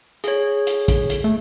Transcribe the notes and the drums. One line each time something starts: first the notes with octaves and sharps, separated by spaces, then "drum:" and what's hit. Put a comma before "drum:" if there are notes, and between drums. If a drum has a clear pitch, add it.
G#4 C#5, drum: hi-hat
drum: hi-hat
drum: kick, hi-hat
drum: hi-hat
A3